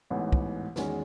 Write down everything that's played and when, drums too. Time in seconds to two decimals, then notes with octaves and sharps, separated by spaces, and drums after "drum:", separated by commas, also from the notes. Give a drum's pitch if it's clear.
0.10 A1 G#2 E3 B3
0.32 drum: kick
0.76 E2 D#3 G#3 C#4 F#4, drum: snare